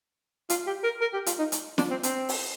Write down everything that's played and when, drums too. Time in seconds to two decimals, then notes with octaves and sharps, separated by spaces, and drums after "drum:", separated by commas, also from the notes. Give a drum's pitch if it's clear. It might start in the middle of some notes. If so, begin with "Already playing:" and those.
0.50 F4, drum: hi-hat
0.66 G4
0.84 A#4
1.01 A#4
1.13 G4
1.26 F4, drum: hi-hat
1.39 D#4
1.52 drum: hi-hat
1.78 D4, drum: snare
1.90 C4
2.03 C4, drum: hi-hat
2.29 drum: open hi-hat